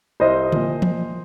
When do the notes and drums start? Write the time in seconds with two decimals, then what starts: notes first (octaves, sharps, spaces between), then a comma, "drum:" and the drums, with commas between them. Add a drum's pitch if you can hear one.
0.20 C2 C5 D#5
0.52 A#2 F3, drum: tom D3
0.82 drum: tom E3